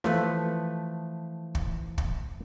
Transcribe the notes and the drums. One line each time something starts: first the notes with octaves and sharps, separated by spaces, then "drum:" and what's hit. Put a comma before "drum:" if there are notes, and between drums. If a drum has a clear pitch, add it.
E3 F3 A3 B4, drum: snare
drum: kick
drum: kick